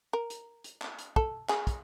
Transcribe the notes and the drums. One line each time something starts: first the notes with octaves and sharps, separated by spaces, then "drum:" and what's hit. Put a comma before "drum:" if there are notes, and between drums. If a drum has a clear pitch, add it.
A#4
drum: hi-hat
drum: hi-hat
drum: clap
drum: hi-hat
A4, drum: kick
G#4, drum: clap
drum: kick, hi-hat